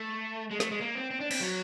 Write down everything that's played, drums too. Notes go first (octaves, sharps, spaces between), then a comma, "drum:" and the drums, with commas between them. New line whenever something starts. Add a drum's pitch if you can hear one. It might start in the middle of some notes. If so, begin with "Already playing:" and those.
Already playing: A3
G#3
A3, drum: snare
G#3
A#3
C4
C4
D4
C4, drum: cymbal
F#3